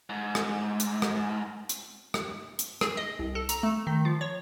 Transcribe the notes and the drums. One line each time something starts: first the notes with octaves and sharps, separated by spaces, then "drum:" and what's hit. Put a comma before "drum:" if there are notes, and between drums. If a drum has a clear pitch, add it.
G#2
drum: rim click
drum: hi-hat
drum: rim click
drum: hi-hat
drum: rim click
drum: hi-hat
G#4, drum: rim click
D#5
C2
A4
A#5, drum: hi-hat
A3
D#3
F3
C#5